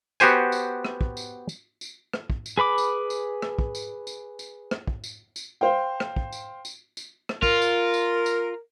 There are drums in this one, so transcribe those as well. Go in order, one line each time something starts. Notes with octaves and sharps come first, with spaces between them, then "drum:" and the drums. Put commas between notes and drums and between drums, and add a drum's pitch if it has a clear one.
B3 F#4 G4 C5 G#5, drum: tambourine
drum: tambourine
drum: rim click
drum: kick
drum: tambourine
drum: tambourine
drum: tambourine
drum: rim click
drum: kick
drum: tambourine
G#4 B4 B5 D6
drum: tambourine
drum: tambourine
drum: rim click
drum: kick
drum: tambourine
drum: tambourine
drum: tambourine
drum: rim click
drum: kick
drum: tambourine
drum: tambourine
C5 F5 G5
drum: rim click
drum: kick
drum: tambourine
drum: tambourine
drum: tambourine
drum: rim click
F4 A#4, drum: kick
drum: tambourine
drum: tambourine
drum: tambourine